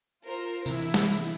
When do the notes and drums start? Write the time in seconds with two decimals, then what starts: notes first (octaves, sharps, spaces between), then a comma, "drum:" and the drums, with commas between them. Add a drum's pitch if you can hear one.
0.24 F4 A#4 C5
0.66 C3 E3 E4, drum: tambourine
0.94 drum: snare